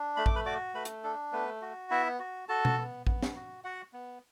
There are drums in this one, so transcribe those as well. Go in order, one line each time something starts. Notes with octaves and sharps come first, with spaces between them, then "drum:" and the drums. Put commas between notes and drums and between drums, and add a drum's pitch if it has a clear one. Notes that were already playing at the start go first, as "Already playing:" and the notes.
Already playing: D4
A3 B5
D6, drum: kick A1
B4 B5
F#4 D5 D6
A3 B4 B5
drum: hi-hat
D4 A4
A3 B3 B4
F#4
B3 E4 E5
F#4
F#4 A4 A5
drum: tom B2
B3
B3, drum: kick A1
drum: snare
F#4
F#4 F#5
B3